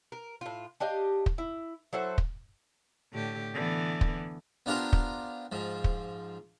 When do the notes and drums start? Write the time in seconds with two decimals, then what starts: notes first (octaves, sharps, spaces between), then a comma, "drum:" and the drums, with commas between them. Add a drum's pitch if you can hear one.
0.12 A#4
0.41 A2 F4
0.80 D4 G4 D#5 F5
1.26 drum: kick
1.38 E4
1.93 F#3 E4 A4 C5
2.18 drum: kick
3.13 A2 D3 G4
3.54 D3 E3 B3
4.01 drum: kick
4.66 B3 D4 F4 G4 A#4 C5
4.93 drum: kick
5.52 G#2 F3
5.84 drum: kick